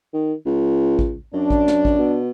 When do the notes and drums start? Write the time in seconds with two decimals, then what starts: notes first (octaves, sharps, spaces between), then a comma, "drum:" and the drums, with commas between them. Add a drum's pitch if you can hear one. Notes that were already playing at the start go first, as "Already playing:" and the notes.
0.13 D#3
0.46 C#2
0.99 drum: kick A1
1.33 F#2 D4
1.50 drum: kick A1
1.68 drum: snare
1.85 drum: kick A1
1.98 B2